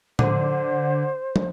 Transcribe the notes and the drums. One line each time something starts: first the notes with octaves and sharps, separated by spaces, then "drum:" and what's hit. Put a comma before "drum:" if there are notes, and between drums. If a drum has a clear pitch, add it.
D3 C5, drum: tom A2
drum: tom